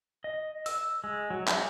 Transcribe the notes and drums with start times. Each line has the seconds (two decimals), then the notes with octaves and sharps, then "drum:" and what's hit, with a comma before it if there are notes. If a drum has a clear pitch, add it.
0.24 D#5
0.66 E6, drum: open hi-hat
1.04 G#3
1.30 F#3
1.47 G#3, drum: clap